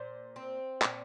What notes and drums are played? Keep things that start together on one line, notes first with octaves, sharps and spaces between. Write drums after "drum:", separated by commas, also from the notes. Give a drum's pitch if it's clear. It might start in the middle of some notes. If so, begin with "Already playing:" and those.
Already playing: A#2 C5
C4
A#2, drum: clap